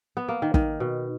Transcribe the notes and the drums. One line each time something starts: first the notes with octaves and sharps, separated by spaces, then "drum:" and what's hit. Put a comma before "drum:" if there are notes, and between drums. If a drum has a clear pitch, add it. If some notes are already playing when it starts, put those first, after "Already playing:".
B3
A#3
D#3
D#3, drum: kick
B2